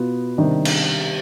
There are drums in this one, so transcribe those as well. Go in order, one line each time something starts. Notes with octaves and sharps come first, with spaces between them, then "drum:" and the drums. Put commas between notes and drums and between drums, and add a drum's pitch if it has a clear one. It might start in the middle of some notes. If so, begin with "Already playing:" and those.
Already playing: B2 B3 F4
C3 D#3 G3 D4
drum: cymbal